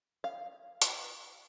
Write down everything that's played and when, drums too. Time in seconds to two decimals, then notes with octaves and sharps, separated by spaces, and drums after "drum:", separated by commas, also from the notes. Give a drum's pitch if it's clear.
0.24 F5
0.82 drum: hi-hat